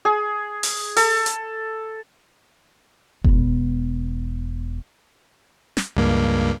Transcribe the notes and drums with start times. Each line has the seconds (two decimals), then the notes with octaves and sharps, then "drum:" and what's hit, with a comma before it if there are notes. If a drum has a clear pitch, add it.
0.05 G#4
0.63 drum: open hi-hat
0.96 A4, drum: open hi-hat
1.26 drum: hi-hat
3.24 E1 B3, drum: kick F#1
5.77 drum: snare
5.97 C#2 G2 A#3